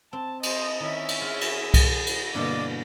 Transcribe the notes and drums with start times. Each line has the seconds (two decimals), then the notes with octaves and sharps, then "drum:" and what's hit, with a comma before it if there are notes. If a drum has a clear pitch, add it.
0.13 C4 A5
0.43 C5 D#5, drum: cymbal
0.80 D#3 C#4 E4 E5
1.08 drum: cymbal
1.22 F4 G#4
1.41 drum: cymbal
1.74 drum: kick C2, cymbal
2.06 drum: cymbal
2.34 G2 B2 D3 A#3 D5 D#5 D6